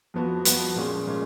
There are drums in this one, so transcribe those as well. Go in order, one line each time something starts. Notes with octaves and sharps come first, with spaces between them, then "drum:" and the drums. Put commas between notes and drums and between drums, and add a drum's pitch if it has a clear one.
F2 F3 B3 F#4
F2 F3 B3 F#4, drum: hi-hat
A#2 G#3 C#4 G#4
A#2 G#3 C#4